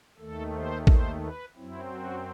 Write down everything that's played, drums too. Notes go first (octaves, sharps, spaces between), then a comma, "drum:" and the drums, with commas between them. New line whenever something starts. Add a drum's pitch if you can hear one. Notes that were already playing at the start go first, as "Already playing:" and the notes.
D#2 D#3 A3 A4
C5
C5, drum: kick
B4
F#2 F#3 C4 E4
F#4